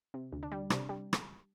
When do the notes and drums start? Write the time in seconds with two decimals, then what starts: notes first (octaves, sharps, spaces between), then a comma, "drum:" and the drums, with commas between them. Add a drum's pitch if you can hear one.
0.14 C3
0.32 D2
0.43 D4
0.52 G3
0.70 C3 D4, drum: rim click
0.89 G3
1.13 drum: rim click